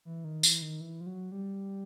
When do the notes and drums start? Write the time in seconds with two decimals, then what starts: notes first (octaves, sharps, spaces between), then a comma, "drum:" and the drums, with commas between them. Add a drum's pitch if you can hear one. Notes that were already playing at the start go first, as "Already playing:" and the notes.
0.05 E3
0.24 D#3
0.43 E3, drum: tambourine
0.62 D#3
0.81 E3
1.01 F3
1.06 F#3
1.32 G3